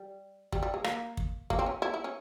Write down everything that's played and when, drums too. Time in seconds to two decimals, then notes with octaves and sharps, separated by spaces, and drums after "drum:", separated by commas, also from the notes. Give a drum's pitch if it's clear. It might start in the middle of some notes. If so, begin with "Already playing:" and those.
Already playing: G3
0.52 G3, drum: kick
0.63 G3
0.74 G#3
0.84 A#3, drum: rim click
1.17 drum: kick
1.50 A#3, drum: kick
1.59 C4
1.66 C#4
1.82 E4
1.94 E4
2.04 C#4